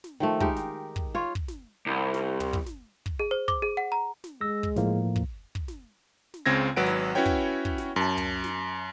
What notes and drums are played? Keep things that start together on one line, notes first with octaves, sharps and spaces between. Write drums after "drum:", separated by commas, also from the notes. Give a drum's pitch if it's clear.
drum: snare
D#3 F3 A3
G#3 D#4 G4 A#4, drum: kick
drum: snare
drum: kick
F4 C#5
drum: kick
drum: snare
C2
drum: snare
drum: tom
drum: kick
drum: snare
drum: kick
G#4
C5
D6, drum: kick
G#4
F#5
A#5
drum: snare
G#3 E6 A#6
drum: kick
A2 F3 A#3, drum: snare
drum: kick
drum: kick
drum: snare
drum: snare
C#2 C#3 C4 G#6 A#6
G#1 F#3 B4 F#5 D7
drum: snare
C#4 E4 F#4 B4 C#5 G5
drum: kick
drum: kick
drum: snare
F#2 A5
drum: tom
drum: snare